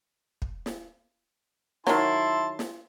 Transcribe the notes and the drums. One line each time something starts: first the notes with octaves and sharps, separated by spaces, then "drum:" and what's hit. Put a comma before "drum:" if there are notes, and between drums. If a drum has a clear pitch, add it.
drum: kick
drum: snare
D#3 F#3 E4 A5 C6, drum: snare
drum: snare